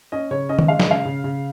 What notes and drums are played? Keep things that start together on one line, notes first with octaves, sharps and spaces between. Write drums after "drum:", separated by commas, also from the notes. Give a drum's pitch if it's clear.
C#4 D#5
C#3 C#5
C#4 D#5
drum: tom D#3
G#3 F5
D#5, drum: snare
C#3 F5
C#3
C#3